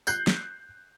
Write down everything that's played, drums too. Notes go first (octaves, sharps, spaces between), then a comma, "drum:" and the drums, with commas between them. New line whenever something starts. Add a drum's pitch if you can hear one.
F#6 G6 C7, drum: tambourine
drum: snare